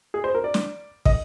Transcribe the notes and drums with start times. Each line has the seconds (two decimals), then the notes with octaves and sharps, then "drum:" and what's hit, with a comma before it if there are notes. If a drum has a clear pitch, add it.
0.14 G#4
0.24 C5
0.35 A#4
0.44 D5
0.54 drum: snare
1.05 D#5, drum: kick